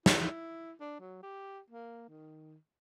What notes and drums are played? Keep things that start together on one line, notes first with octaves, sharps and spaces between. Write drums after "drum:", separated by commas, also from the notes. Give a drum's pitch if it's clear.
E4, drum: snare
D4
F#3
G4
A#3
D#3